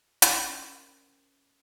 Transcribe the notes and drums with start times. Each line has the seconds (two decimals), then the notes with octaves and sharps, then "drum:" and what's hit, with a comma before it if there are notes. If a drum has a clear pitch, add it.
0.22 C#4 A#4 C5 D5, drum: hi-hat